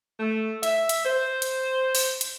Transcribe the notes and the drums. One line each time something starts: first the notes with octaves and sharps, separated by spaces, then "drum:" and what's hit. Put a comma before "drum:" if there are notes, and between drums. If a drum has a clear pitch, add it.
A3
E5, drum: hi-hat
drum: hi-hat
C5
drum: hi-hat
drum: open hi-hat
drum: hi-hat